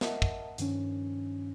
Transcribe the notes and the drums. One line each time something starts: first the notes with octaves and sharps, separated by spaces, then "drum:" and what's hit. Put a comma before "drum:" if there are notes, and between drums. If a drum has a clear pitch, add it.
A#4 D#5 E5 F#5 A5, drum: snare
drum: kick
G2 D#3 F3 C#4, drum: hi-hat